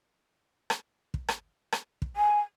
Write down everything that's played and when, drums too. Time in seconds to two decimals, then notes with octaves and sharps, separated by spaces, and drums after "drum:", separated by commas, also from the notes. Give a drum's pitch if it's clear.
0.70 drum: rim click
1.14 drum: kick
1.28 drum: rim click
1.72 drum: rim click
2.02 drum: kick
2.16 G#5